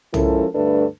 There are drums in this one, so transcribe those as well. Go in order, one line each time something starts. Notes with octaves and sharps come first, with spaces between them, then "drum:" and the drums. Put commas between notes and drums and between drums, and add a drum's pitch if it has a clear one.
F3 G#3 C#4 E4 A4 A#4, drum: tom
D2 G2 A3 D4 A4 B4